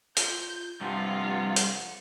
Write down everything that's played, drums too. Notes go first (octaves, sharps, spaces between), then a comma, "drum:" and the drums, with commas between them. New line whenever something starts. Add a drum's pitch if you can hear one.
F4 G6, drum: hi-hat
G2 C3 F3 F4 F#5
drum: hi-hat